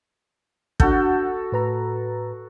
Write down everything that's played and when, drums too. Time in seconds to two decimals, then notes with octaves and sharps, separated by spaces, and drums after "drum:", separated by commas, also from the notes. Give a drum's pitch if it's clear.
0.80 D4 F#4 A4 F#5 G6, drum: kick
1.52 A2 B4 A#5